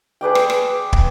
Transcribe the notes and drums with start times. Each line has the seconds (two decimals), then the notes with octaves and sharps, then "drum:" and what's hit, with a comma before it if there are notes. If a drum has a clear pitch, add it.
0.21 G#4 B4 D5 G5
0.35 drum: rim click
0.50 drum: rim click
0.93 drum: kick